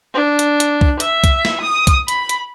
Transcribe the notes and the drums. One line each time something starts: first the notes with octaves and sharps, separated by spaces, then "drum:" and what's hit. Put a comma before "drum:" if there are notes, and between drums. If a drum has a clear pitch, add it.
D4
drum: hi-hat
drum: hi-hat
drum: kick C2
E5, drum: hi-hat
drum: kick C2, hi-hat
drum: snare
D#6
drum: kick C2, hi-hat
B5, drum: hi-hat
drum: hi-hat